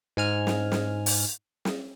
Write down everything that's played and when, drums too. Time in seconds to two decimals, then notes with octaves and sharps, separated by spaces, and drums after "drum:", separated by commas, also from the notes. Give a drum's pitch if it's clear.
0.17 G#2 G#5 F6
0.47 drum: snare
0.72 drum: snare
1.06 drum: open hi-hat
1.65 drum: snare